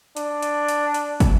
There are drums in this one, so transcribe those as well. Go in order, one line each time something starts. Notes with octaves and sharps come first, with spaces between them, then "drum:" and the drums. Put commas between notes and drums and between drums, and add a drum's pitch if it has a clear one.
D4, drum: hi-hat
drum: hi-hat
drum: hi-hat
drum: hi-hat
drum: kick, hi-hat